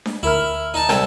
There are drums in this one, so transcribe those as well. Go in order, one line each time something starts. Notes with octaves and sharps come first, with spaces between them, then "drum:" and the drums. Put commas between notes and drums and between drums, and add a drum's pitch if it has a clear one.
drum: snare D4
D2 E4 A#4 F6
D#4 A5
C2 A4, drum: rim click